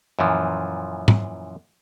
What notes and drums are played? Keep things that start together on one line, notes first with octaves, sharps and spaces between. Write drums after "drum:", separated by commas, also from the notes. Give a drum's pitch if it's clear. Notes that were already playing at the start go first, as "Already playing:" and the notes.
F#2 A#2 E3 F3
drum: tom